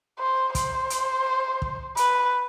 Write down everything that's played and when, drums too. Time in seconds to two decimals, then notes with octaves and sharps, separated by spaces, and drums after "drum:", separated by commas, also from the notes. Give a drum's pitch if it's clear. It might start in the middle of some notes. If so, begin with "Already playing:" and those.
0.19 C5
0.55 C5, drum: kick, hi-hat
0.90 drum: hi-hat
1.62 drum: kick
1.97 B4, drum: hi-hat